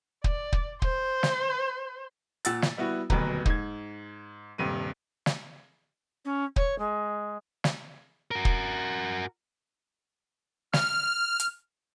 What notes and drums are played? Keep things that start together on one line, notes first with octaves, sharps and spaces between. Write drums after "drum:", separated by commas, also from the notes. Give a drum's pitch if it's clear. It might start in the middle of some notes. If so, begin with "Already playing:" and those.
D5, drum: kick
drum: kick
C5, drum: kick
drum: snare
A#2 F#5 E6 A6, drum: hi-hat
drum: snare
G3 B3 E4 F#4
D#1 D2 B2 F#3 B4 A#5, drum: kick
G#2 G#6, drum: kick
D#1 G2 C3 D#7
drum: snare
C#4
C#5, drum: kick
G#3
drum: snare
F#4 A#4
drum: kick
F6, drum: snare
drum: hi-hat